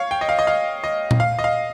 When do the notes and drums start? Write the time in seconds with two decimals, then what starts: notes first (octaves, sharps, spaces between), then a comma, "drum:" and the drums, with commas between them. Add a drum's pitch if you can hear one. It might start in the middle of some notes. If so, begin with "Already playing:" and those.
Already playing: C#5 F5
0.11 G5
0.21 D#5
0.29 F5
0.39 D#5
0.47 F5
0.84 D#5
1.11 drum: tom A#2
1.20 F5
1.39 D#5
1.44 F5